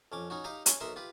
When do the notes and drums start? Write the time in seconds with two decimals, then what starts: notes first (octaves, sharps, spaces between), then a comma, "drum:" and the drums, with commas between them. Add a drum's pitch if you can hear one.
0.12 F2 C#4 D6
0.30 C#4 D#4 F#4
0.44 D#4 G4 D#5 F5 G5 A#5
0.66 C#4, drum: hi-hat
0.81 B1 D#4 A#4 E5 C6
0.96 F4 G4 B4